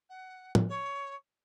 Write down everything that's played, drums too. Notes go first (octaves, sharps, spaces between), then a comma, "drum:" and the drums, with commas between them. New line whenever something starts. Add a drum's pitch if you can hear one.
F#5
drum: tom A2
C#5